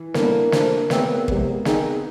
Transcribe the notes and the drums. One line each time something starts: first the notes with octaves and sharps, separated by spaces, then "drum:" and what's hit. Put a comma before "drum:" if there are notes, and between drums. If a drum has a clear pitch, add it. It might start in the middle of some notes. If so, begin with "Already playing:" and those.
Already playing: E3
D#2 D3 G3 A#3 B3 D4, drum: snare
F2 C3 F3 A3 D4, drum: snare
G#2 D#3 F#3 A3 B3 C4, drum: snare
E2 C3 F3 G#3, drum: kick
G#2 D#3 G#3 C4 D#4, drum: snare